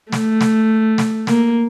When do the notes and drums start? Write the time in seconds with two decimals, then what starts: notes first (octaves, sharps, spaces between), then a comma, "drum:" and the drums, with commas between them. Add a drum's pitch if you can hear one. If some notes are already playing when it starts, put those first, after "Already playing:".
0.12 A3, drum: snare
0.41 drum: snare
0.98 drum: snare
1.27 A#3, drum: snare